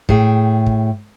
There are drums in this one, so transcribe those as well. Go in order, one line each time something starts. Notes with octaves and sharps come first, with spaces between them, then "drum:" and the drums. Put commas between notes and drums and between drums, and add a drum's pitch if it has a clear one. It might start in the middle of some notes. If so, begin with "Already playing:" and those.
A2 G#4 G5, drum: kick
drum: kick